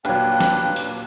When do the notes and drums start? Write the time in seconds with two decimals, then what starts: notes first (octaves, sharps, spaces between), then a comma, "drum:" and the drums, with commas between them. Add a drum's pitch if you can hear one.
0.05 D#2 A#2 F#3 D4 B4 G5, drum: hi-hat
0.40 drum: snare
0.76 drum: open hi-hat